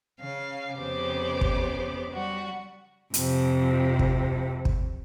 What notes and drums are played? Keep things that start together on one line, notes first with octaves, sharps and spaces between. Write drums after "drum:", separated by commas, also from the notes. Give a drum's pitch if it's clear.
C#3 F5
F2 C#3 B3 G4 C5 D6
drum: kick
G3 F#4
F2 C3, drum: hi-hat
drum: kick
drum: kick